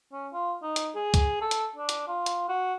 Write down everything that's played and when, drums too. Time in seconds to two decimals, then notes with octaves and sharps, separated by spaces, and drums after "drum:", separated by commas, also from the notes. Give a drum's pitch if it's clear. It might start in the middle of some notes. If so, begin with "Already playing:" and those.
0.12 C#4
0.33 F4
0.62 D#4
0.76 drum: hi-hat
0.95 G#4
1.14 drum: kick C2, hi-hat
1.41 A4
1.51 drum: hi-hat
1.76 D4
1.89 drum: hi-hat
2.08 F4
2.26 drum: hi-hat
2.49 F#4